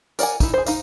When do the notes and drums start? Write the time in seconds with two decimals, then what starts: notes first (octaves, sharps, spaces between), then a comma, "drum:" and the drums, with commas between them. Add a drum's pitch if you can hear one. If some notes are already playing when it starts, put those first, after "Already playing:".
0.19 A#4 D5 F#5 G#5, drum: tambourine
0.40 D#4 E4, drum: kick, tambourine
0.54 G#4 C5
0.66 D#4 F5, drum: tambourine